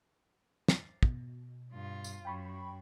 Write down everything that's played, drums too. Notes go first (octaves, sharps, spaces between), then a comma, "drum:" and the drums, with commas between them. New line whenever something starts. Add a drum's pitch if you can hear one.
drum: snare
B2, drum: kick
G2 F4
drum: tambourine
F#2 G5 B5 C#6